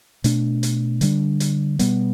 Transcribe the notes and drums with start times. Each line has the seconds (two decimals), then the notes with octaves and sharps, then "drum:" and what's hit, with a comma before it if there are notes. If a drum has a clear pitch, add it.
0.24 B2 A3 D4, drum: hi-hat
0.63 drum: hi-hat
1.01 D3 G3 D4, drum: hi-hat
1.40 drum: hi-hat
1.79 B2 G3 B3, drum: hi-hat